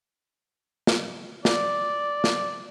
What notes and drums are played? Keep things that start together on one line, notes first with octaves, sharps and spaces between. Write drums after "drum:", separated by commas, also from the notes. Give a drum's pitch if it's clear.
drum: snare
D5, drum: snare
drum: snare